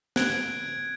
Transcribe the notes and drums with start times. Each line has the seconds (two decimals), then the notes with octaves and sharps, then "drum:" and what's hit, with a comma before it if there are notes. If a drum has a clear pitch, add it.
0.16 F#6 G#6 D7, drum: snare